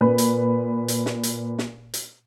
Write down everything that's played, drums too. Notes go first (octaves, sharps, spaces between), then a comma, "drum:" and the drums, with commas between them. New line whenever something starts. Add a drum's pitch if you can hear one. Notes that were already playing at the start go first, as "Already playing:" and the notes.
A#2 B4
drum: hi-hat
drum: hi-hat
drum: snare
drum: hi-hat
drum: snare
drum: hi-hat